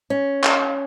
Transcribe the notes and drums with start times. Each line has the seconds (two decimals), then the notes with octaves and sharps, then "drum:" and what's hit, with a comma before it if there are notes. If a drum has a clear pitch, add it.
0.10 C#4
0.44 drum: clap